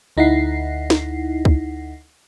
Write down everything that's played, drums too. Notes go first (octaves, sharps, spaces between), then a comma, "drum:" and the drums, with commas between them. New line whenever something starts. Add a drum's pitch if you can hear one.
D2 D#4 E4 F#5 C7
drum: snare
drum: kick C#2